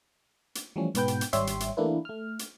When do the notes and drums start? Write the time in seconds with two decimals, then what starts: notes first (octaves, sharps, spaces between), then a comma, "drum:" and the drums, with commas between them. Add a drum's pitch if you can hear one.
0.55 drum: hi-hat
0.76 E3 F3 G3 A3 C#4
0.95 G#2 B2 B3 B4 G5 G6, drum: hi-hat
1.08 drum: hi-hat
1.21 drum: hi-hat
1.33 G#1 G3 G4 C#5 E5 C6, drum: hi-hat
1.47 drum: hi-hat
1.60 drum: hi-hat
1.77 E3 A3 A#3 D4 E4 B4
2.05 A3 F6
2.39 drum: hi-hat